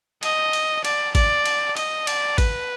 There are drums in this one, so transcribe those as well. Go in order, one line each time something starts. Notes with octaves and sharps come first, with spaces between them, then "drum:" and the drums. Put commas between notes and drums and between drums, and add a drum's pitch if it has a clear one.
D#5, drum: cymbal
drum: cymbal
D5, drum: cymbal
D5, drum: kick, cymbal
drum: cymbal
D#5, drum: cymbal
D5, drum: cymbal
B4, drum: kick, cymbal